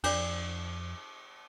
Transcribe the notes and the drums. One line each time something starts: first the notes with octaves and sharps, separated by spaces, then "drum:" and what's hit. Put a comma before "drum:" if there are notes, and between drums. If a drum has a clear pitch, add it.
F2 D4 D5, drum: cymbal